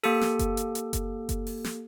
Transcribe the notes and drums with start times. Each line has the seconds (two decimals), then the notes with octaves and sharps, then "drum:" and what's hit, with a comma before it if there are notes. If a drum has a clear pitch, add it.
0.04 A#3 G4 A4, drum: open hi-hat
0.21 drum: snare
0.39 drum: kick F#1, hi-hat
0.57 drum: hi-hat
0.75 drum: hi-hat
0.93 drum: kick F#1, hi-hat
1.29 drum: kick F#1, hi-hat
1.47 drum: open hi-hat
1.64 drum: snare